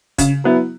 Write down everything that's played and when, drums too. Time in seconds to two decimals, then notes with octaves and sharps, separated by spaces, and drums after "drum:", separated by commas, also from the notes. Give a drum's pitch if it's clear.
0.18 C#3, drum: kick, hi-hat
0.44 F#3 B3 E4